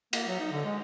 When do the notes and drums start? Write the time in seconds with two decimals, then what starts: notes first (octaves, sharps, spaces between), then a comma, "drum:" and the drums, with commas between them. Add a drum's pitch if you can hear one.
0.13 A#3, drum: cymbal
0.27 F#3
0.40 D#4
0.52 D3
0.65 G#3